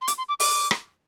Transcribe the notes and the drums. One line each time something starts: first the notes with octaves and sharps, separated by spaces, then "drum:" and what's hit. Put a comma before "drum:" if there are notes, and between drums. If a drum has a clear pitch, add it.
C6
D6, drum: hi-hat
C6
D6
D6, drum: open hi-hat
drum: rim click